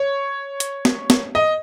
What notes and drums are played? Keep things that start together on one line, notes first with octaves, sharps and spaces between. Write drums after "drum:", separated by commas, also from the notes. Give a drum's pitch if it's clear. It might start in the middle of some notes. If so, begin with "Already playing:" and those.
Already playing: C#5
drum: hi-hat
drum: snare
drum: snare
D#5